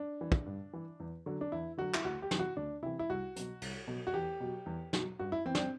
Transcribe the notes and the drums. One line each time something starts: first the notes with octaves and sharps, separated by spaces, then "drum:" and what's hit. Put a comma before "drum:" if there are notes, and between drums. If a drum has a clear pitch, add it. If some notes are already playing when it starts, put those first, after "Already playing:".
Already playing: D4
E3
drum: kick
G2
E3
E2
D3 F#3
D4
E2 E4
D3 F#3 F#4
E4, drum: clap
D2 F#4
G4
C3 E3, drum: snare
F#4
D2 D4
C3 E3 E4
E4
C2 F#4
B2 F#3, drum: hi-hat
C2, drum: cymbal
B2 F#3
F#4
E2 G4
B2 F#3
E2
B2 F#3, drum: snare
G2 F#4
E4
E3 C4
D4, drum: snare
C4